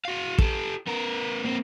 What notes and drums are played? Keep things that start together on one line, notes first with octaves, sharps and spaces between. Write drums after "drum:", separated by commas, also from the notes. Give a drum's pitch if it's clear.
F#4 F5
G4 A4, drum: kick
B3 A#4
A#3 C4